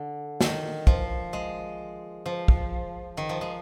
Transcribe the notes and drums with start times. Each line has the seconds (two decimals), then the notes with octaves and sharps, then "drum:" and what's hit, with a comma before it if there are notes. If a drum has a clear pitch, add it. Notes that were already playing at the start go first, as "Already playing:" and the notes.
Already playing: D3
0.41 D#3, drum: snare
0.87 F3, drum: kick
1.33 G#3
2.26 F3
2.48 drum: kick
3.17 D#3
3.29 F3
3.41 G#3